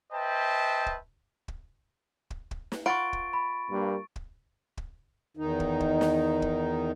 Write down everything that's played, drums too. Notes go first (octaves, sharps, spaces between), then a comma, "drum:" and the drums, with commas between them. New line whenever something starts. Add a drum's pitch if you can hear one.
B4 C5 D#5 E5 G5 A5
drum: kick
drum: kick
drum: kick
drum: kick
drum: snare
F4 B4 F#5 C#6 A6 D7
drum: kick
B5
G2 A#3
drum: kick
drum: kick
E2 D#3 D#4
drum: kick
drum: kick
drum: snare
drum: kick